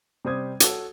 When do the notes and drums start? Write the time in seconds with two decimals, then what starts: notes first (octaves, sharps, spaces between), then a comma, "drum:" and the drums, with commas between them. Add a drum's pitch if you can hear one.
0.25 C3 G3 C5 D#6 G#6
0.60 F#4 A4 C#5, drum: hi-hat